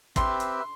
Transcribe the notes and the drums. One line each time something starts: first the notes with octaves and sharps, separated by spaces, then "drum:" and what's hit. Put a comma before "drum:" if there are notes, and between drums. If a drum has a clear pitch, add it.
C4 G4 B4 E5 C6, drum: kick, hi-hat
drum: hi-hat